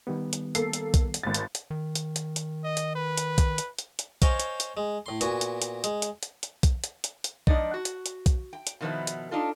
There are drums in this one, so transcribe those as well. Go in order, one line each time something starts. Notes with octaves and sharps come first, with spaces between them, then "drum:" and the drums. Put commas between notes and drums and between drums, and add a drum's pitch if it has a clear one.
D#3 G3 B3
drum: hi-hat
A#3 A4 C7, drum: hi-hat
drum: hi-hat
drum: kick B1, hi-hat
drum: hi-hat
G#1 A6
drum: hi-hat
drum: hi-hat
D#3
drum: hi-hat
drum: hi-hat
drum: hi-hat
D#5
drum: hi-hat
B4
drum: hi-hat
drum: kick B1, hi-hat
drum: hi-hat
drum: hi-hat
drum: hi-hat
C5 C#5 D#5 F5 G5 G#5, drum: kick B1, hi-hat
drum: hi-hat
drum: hi-hat
G#3
A2 C6
A#2 B3 F#4 G#5, drum: hi-hat
drum: hi-hat
drum: hi-hat
G#3, drum: hi-hat
drum: hi-hat
drum: hi-hat
drum: hi-hat
drum: kick B1, hi-hat
drum: hi-hat
drum: hi-hat
drum: hi-hat
F3 G#3 D4 D#4 D5 D#5, drum: kick B1
F#4
drum: hi-hat
drum: hi-hat
drum: kick B1, hi-hat
G5
drum: hi-hat
B2 D#3 F3 A3 B3 E4
drum: hi-hat
D4 D#4 F4 A4